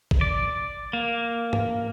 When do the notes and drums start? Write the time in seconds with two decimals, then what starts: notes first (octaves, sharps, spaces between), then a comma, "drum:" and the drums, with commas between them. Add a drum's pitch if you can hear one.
0.11 drum: kick A1
0.21 D5
0.93 A#3
1.53 drum: tom G#2